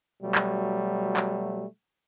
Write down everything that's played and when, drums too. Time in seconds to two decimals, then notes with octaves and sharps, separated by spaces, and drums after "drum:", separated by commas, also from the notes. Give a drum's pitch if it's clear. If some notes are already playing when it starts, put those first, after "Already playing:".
0.21 B2 F#3 G3 A3
0.35 drum: clap
1.17 drum: clap